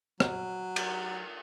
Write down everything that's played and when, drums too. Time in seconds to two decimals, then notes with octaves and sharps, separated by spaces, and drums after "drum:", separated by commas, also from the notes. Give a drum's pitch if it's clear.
0.20 F#3, drum: rim click
0.76 drum: cymbal